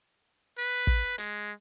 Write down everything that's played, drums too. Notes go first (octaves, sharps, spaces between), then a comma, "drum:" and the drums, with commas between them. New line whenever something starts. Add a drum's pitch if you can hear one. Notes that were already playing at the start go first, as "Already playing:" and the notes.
B4
drum: kick
G#3, drum: hi-hat